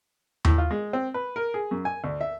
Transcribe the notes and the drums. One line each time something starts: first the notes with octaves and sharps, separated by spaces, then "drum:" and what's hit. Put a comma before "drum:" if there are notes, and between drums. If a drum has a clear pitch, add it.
A2, drum: tom D#2
F4
G#3
C4
B4
A#4
G#4
F#2
G#5
D2
E5